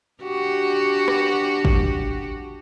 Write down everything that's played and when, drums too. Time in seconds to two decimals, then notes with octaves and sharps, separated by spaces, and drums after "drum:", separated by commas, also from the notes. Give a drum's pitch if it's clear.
0.23 D4 F#4 G4
1.08 drum: rim click
1.65 drum: kick